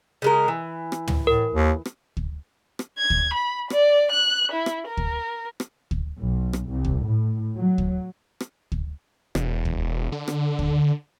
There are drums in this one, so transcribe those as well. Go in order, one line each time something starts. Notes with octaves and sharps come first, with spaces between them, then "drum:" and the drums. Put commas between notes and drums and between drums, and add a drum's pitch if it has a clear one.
C#3 G#3 A#4
E3
drum: rim click
drum: tom
A2 A#4
D#2
drum: rim click
drum: kick
drum: rim click
G#6
drum: kick
B5
D5, drum: rim click
F#6
E4
drum: rim click
A#4
drum: kick
drum: rim click
drum: kick
B1
drum: rim click
C2
drum: kick
A2
F#3
drum: kick
drum: rim click
drum: kick
E1, drum: rim click
drum: kick
D3
drum: rim click
drum: kick